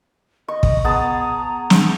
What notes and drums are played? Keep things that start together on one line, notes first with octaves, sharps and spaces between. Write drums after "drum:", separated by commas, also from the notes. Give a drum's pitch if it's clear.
D#5 C#6
drum: kick
B3 G#4 A5 A#5
drum: snare